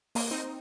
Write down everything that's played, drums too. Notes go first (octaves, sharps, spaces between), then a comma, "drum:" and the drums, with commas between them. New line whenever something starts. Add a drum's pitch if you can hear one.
A#3, drum: open hi-hat
C4 D#4